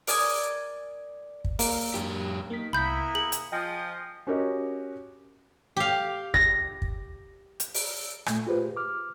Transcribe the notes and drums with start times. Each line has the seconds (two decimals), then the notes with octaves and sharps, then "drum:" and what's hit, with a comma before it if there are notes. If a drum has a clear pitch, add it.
0.07 A#4 D5 G#5 D#6, drum: open hi-hat
1.44 drum: kick
1.59 A#3, drum: open hi-hat
1.94 F#2 G4
2.50 D#3 A#3 B6
2.73 C2 A#3 B3 E4 B5 G6 B6
3.15 G#4 F#7
3.32 drum: hi-hat
3.52 F3 D#5 G5 G#5
4.27 C#4 F#4 G4 A#4 C#5 D#5
5.77 G4 F5
6.34 A#6, drum: kick
6.82 drum: kick
7.60 drum: hi-hat
7.75 drum: open hi-hat
8.26 A#2 A3, drum: rim click
8.47 F4 G4 G#4 B4 C5
8.77 D6 F6